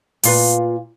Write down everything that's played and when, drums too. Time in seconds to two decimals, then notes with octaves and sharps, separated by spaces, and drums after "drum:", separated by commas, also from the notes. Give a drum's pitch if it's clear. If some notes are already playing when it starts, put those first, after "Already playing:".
0.23 A#2 F4 B4, drum: open hi-hat